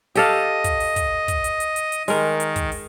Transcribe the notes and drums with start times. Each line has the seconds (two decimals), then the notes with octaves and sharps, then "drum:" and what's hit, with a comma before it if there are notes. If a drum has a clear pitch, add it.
0.15 G4 A4 D#5 F5, drum: open hi-hat
0.64 drum: kick, hi-hat
0.80 drum: open hi-hat
0.96 drum: kick, hi-hat
1.28 drum: kick, hi-hat
1.44 drum: hi-hat
1.60 drum: hi-hat
1.76 drum: hi-hat
1.92 drum: hi-hat
2.08 D#3 G#3 A#4, drum: open hi-hat
2.40 drum: hi-hat
2.56 drum: kick, hi-hat
2.72 drum: open hi-hat